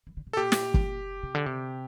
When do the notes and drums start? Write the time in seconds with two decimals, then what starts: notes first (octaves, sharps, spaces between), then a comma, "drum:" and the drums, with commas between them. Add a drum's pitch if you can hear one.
0.07 E3
0.17 D3
0.27 C3
0.33 A4
0.37 A#2 G4
0.52 drum: snare
0.74 drum: kick
1.23 C3
1.35 D3
1.46 C3